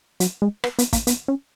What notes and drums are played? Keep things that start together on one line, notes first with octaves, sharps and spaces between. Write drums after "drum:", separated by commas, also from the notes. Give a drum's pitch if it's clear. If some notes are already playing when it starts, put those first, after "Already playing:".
F#3, drum: hi-hat
G#3
B3, drum: rim click
B3, drum: hi-hat
A#3, drum: kick, hi-hat
B3, drum: hi-hat
C#4